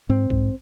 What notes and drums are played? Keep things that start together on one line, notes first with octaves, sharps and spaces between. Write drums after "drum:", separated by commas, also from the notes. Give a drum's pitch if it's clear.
G#2 C4
G#2, drum: kick B1